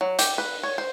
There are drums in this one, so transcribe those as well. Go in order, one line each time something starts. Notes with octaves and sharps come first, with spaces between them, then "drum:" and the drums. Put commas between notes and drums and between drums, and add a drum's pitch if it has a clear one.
F#3
G4, drum: hi-hat
B4
C#5
C5